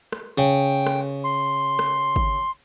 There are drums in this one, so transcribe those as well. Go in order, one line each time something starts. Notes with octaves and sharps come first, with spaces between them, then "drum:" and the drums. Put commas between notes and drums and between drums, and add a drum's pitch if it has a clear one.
drum: rim click
C#3 G5
drum: rim click
C6
drum: rim click
drum: kick